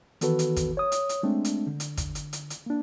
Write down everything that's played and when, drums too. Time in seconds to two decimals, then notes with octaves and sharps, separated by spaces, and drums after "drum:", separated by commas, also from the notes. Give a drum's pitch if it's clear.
0.21 D#3 E3 B3 F#4 A4 B4, drum: hi-hat
0.39 drum: hi-hat
0.56 drum: kick, hi-hat
0.77 C#5 D#6
0.92 drum: hi-hat
1.09 drum: hi-hat
1.23 G#3 A3 C4 D4
1.45 drum: hi-hat
1.67 D3
1.80 drum: hi-hat
1.97 drum: kick, hi-hat
2.15 drum: hi-hat
2.33 drum: hi-hat
2.50 drum: hi-hat
2.66 A#3 D4